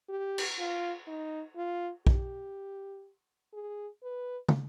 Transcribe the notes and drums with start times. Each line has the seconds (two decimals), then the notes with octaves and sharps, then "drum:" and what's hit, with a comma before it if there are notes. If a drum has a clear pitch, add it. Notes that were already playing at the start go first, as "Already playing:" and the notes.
0.09 G4
0.38 drum: cymbal
0.59 F4
1.07 D#4
1.57 F4
2.07 G4, drum: kick
3.53 G#4
4.03 B4
4.48 drum: tom